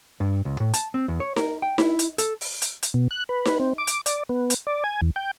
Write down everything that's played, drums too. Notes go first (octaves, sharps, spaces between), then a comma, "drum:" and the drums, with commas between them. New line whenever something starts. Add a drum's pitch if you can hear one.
G2
C#2
A2
A5, drum: hi-hat
C4
E2
C#5
A#4, drum: snare D#4
G5
E4, drum: snare D#4
drum: hi-hat
A4, drum: hi-hat
drum: open hi-hat
drum: hi-hat
drum: hi-hat
B2
F#6
B4
drum: snare D#4
C4
D6
drum: hi-hat
D5, drum: hi-hat
B3
drum: hi-hat
D5
G#5
E2
G5